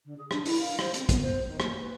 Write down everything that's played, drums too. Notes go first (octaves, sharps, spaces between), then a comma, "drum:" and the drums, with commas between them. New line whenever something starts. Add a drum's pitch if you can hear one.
D3
G#4
D4, drum: rim click
E4, drum: open hi-hat
F5
C5, drum: rim click
C4, drum: hi-hat
B3, drum: kick, hi-hat
C5
D#3
A#3, drum: rim click
B4